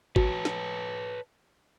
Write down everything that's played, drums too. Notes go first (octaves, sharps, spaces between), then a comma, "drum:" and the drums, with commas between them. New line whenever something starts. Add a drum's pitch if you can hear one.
F#4 B4 C#5 A5, drum: kick
drum: snare